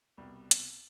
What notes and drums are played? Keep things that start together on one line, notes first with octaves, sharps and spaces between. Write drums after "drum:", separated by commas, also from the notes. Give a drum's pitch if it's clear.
C2 B2 G3
drum: hi-hat